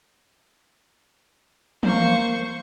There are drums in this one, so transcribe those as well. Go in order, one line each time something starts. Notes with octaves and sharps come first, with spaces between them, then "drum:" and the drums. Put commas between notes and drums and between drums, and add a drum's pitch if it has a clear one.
A#3 C5 C#6, drum: tom E3